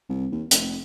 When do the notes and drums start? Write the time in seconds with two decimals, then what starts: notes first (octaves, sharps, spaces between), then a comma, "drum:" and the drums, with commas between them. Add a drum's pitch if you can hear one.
0.09 C2
0.32 D#2
0.51 F1, drum: hi-hat